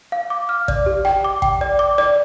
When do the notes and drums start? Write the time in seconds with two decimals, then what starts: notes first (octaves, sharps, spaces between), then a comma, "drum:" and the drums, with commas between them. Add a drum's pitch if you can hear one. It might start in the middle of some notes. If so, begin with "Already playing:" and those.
0.12 F5
0.30 D6
0.49 F6
0.68 D5, drum: kick A1
0.86 G4
1.05 G5, drum: rim click
1.24 D6
1.42 G5, drum: kick A1
1.61 D5
1.79 D6
1.98 D5, drum: rim click